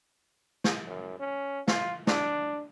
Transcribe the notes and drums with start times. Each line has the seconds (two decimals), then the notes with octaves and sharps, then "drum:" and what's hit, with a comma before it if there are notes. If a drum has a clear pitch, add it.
0.64 drum: snare
0.87 F#2
1.20 C#4
1.68 F4, drum: snare
2.07 D4, drum: snare